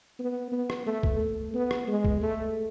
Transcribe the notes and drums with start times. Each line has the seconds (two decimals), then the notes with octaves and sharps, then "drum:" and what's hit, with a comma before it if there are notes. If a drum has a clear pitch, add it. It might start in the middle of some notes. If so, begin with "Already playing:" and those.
0.20 B3
0.52 B3
0.70 drum: rim click
0.87 A3
1.03 drum: kick
1.20 A3
1.54 B3
1.71 drum: rim click
1.88 G#3
2.05 drum: kick
2.22 A3